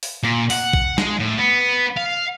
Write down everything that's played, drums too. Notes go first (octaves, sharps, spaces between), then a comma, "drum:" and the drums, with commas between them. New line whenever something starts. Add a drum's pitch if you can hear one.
drum: open hi-hat
A#2
F#5, drum: open hi-hat
drum: kick A#1
G#3, drum: snare
A2
B3
F5